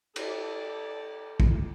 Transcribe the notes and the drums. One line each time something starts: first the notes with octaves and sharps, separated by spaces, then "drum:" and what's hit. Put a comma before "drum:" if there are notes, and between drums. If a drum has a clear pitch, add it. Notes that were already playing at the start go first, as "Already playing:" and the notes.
A4 D5, drum: cymbal
drum: kick